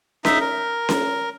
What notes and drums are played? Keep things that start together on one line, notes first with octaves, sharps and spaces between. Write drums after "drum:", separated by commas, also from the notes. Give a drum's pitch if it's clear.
D#4 E5, drum: snare C#4
A#4
drum: snare C#4